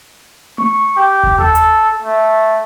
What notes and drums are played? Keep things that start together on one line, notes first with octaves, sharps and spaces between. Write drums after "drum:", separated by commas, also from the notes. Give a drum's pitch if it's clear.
C#6, drum: tom A3
G4
drum: kick F1
A4, drum: tom D#2
drum: hi-hat
A3